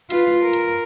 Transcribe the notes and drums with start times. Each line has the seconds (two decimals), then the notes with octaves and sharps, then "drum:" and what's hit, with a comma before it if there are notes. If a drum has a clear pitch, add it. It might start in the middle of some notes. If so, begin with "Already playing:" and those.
0.10 F4 B4, drum: hi-hat
0.42 A#4
0.53 drum: hi-hat